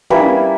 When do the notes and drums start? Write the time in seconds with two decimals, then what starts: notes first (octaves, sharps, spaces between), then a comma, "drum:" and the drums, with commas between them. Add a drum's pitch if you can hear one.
0.10 G3 A#3 C#4 E4 B4, drum: tom